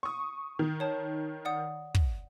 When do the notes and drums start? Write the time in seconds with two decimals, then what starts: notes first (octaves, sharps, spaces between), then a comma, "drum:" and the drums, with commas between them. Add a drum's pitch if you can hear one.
0.03 C#6 D#6
0.59 D#3
0.80 C#5 A5
1.45 D5 F#5 D#6
1.95 drum: kick